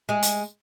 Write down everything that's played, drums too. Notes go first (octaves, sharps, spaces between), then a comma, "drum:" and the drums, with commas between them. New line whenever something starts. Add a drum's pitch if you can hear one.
G#3 G#4
drum: hi-hat